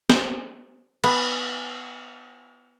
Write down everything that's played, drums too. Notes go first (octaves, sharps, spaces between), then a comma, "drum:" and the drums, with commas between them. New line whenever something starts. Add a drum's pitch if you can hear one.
C5, drum: snare
B3, drum: cymbal